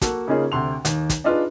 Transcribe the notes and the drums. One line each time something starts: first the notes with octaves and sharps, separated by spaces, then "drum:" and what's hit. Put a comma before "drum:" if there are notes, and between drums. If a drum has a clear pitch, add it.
A#3 F#4 A4, drum: kick, hi-hat
C#3 A#3 C#4 D#4 F4 G#4
D2 C3 C6 F7
D#2, drum: hi-hat
drum: kick, hi-hat
D4 D#4 F4 G#4 B4